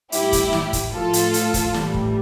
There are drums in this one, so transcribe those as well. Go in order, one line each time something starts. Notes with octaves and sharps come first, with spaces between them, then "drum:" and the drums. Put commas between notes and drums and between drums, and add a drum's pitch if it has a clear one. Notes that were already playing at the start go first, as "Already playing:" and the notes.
A2 G3 E4 G4, drum: hi-hat
drum: kick, hi-hat
drum: snare
drum: kick, hi-hat
A2 F3 F4 A4
drum: hi-hat
drum: hi-hat
drum: kick, hi-hat
A2 E3 G3, drum: snare
drum: kick